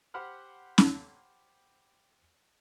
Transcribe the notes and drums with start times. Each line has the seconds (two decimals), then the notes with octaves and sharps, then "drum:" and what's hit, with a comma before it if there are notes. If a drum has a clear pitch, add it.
0.14 G4 C5 F#5 B5 F6
0.78 drum: snare C#4